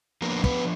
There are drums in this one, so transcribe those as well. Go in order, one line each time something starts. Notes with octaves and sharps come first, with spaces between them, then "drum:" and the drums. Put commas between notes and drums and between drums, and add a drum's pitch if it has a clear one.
F3 A#3 B3 D4 A#4
B3 B4, drum: kick